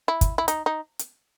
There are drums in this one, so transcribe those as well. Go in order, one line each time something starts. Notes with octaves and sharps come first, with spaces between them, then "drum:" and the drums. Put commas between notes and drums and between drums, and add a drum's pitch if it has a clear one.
E4
drum: kick, hi-hat
E4
D#4, drum: hi-hat
D#4
drum: hi-hat